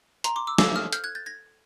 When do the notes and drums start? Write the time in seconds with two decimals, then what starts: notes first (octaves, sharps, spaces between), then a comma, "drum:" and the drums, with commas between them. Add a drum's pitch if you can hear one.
0.24 A#5 C6, drum: hi-hat
0.36 C6 D6
0.47 D6 E6
0.58 A4 C5 F5 D6 E6, drum: snare
0.76 D#6 F6
0.93 F6 G6, drum: hi-hat
1.04 F#6 G#6
1.15 G6 A6
1.26 G#6 A#6